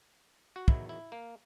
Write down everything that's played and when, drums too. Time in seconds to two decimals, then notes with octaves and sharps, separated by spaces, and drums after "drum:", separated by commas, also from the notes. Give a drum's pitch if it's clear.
0.56 F#4
0.68 E2 D#3 F#3 E4, drum: kick
0.89 E4
1.12 A#3